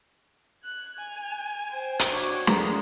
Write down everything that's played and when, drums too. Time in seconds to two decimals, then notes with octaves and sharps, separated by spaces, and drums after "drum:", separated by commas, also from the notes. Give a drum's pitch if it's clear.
0.64 F#6 G#6 F7
0.99 G#5
1.67 C5 G5
1.99 drum: hi-hat
2.12 D4 F#4 C#5 D6
2.47 E2 G#3 A4 A#4 A#5, drum: snare